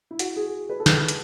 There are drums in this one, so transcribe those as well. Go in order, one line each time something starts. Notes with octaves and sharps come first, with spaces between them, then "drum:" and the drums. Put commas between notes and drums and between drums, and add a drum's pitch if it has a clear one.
E4
F#4, drum: hi-hat
G#4
B4
A4
B4, drum: snare
drum: hi-hat